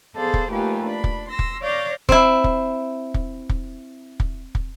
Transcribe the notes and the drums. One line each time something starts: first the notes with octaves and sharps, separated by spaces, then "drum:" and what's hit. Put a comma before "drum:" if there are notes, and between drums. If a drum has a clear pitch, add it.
B3 G#4 A4 C5 D5 F5
drum: kick
D#2 F3 A3 G4 B4 G#5
D4 B5
drum: kick
C6 E6 A#6
drum: kick
C#5 D5 F5 D6 G6 A#6
C4 E4, drum: kick
drum: kick
drum: kick
drum: kick
drum: kick
drum: kick